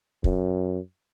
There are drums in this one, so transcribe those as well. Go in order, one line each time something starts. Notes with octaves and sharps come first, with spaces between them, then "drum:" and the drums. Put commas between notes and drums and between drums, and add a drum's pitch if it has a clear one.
F#2, drum: kick